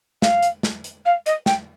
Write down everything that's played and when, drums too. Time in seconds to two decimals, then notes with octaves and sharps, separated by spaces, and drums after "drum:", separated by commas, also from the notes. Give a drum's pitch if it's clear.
0.22 F5, drum: snare
0.43 drum: hi-hat
0.63 drum: snare
0.84 drum: hi-hat
1.06 F5
1.26 D#5, drum: hi-hat
1.46 G5, drum: snare